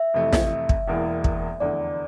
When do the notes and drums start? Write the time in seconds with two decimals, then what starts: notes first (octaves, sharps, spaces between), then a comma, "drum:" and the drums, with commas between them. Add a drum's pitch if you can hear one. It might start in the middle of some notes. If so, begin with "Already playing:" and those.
Already playing: E5
0.14 F2 C3 E3 A3
0.33 drum: snare
0.69 drum: kick
0.88 E1 E2 E3 A#3
1.24 drum: kick
1.60 F1 E2 D3 D5